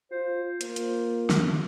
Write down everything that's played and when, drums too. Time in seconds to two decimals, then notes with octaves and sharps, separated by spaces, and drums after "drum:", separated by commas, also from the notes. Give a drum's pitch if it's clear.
0.11 F4 C5
0.61 A#3 F4, drum: hi-hat
0.76 drum: hi-hat
1.30 drum: snare